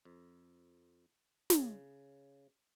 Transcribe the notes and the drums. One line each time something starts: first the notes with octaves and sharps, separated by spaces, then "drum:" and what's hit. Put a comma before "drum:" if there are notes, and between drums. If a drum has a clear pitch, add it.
F2
C#3, drum: snare